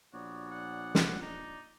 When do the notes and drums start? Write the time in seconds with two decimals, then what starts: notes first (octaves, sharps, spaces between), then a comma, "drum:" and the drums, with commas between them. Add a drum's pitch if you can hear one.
0.13 A#1 B3 F#4 C#5 D5
0.51 F#5
0.95 drum: snare
1.22 D#4 D5